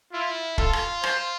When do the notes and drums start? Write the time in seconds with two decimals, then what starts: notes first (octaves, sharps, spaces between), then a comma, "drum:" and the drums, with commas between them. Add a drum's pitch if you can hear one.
0.13 E4 F4
0.58 F4 A4, drum: kick
0.73 drum: rim click
1.03 C5, drum: rim click